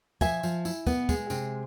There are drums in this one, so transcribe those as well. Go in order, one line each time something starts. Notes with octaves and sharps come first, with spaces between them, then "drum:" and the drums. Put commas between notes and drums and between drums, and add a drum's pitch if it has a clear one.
F3 E5 G#5, drum: kick, tambourine
F3, drum: tambourine
E4, drum: tambourine
B3, drum: kick, tambourine
G#3, drum: kick, tambourine
C3, drum: tambourine